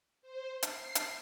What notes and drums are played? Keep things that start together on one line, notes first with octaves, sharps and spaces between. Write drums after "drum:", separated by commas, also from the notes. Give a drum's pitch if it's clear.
C5
C7, drum: hi-hat
drum: hi-hat